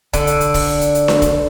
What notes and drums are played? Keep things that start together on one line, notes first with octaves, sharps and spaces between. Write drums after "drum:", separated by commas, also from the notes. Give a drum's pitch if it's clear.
D3, drum: kick, hi-hat
drum: hi-hat
drum: hi-hat
drum: kick, open hi-hat
drum: hi-hat
drum: hi-hat
drum: snare D4
drum: kick, hi-hat